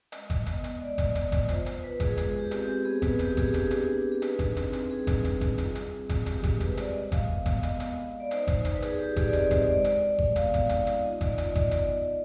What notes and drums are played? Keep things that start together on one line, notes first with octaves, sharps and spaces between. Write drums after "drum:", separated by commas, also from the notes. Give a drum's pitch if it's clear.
G#3 D#5, drum: hi-hat
drum: kick G1, hi-hat
B3 D#5, drum: hi-hat
drum: hi-hat
G#3 D5
drum: kick G1, hi-hat
B3, drum: hi-hat
drum: kick G1, hi-hat
F4 C5, drum: hi-hat
C5, drum: hi-hat
F4 B4
G#4, drum: kick G1, hi-hat
G#3 G#4, drum: hi-hat
G4
C4, drum: hi-hat
G4
B3 G#4
B4, drum: kick G1, hi-hat
B3 G4, drum: hi-hat
G#4, drum: kick G1, hi-hat
G4
D4 G#4, drum: hi-hat
drum: hi-hat
D4
G#4
D#4 B4, drum: hi-hat
drum: kick G1, hi-hat
C4, drum: hi-hat
drum: hi-hat
G3 G#4
drum: kick G1, hi-hat
G3, drum: hi-hat
drum: kick G1, hi-hat
F4, drum: hi-hat
drum: hi-hat
C4
drum: kick G1, hi-hat
G#3 G4, drum: hi-hat
G#4, drum: kick G1, hi-hat
G#3 B4, drum: hi-hat
C5
D5, drum: hi-hat
G#3 D#5
F5, drum: kick G1, hi-hat
B3
D#5, drum: kick G1, hi-hat
B3, drum: hi-hat
drum: hi-hat
B3
D5
D#4 C5, drum: hi-hat
C5, drum: kick G1, hi-hat
D#4 C5, drum: hi-hat
B4
G#4, drum: hi-hat
D#4 G4
G#4, drum: kick G1, hi-hat
D5
C4 D#5, drum: hi-hat
C5, drum: kick G1, hi-hat
G#3 D5
drum: hi-hat
G#3
drum: kick G1
B3 F5, drum: hi-hat
F5, drum: kick G1, hi-hat
D#4, drum: hi-hat
drum: hi-hat
F4 D#5
D5, drum: kick G1, hi-hat
F4 D#5, drum: hi-hat
D5, drum: kick G1, hi-hat
B3, drum: hi-hat
F4